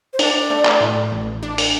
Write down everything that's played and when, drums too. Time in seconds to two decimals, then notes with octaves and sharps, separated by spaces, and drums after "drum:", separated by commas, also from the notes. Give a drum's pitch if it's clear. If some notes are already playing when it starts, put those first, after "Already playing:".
0.13 C5
0.19 D4 D5, drum: open hi-hat
0.50 A3
0.65 drum: clap
0.81 A2
1.12 A1
1.43 D4
1.58 drum: open hi-hat